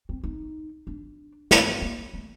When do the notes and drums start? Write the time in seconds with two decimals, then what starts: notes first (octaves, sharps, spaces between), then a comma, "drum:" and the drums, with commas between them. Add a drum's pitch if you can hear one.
0.09 C4
0.24 D#4
0.87 D4
1.51 C4, drum: snare
1.82 A#3
2.14 A3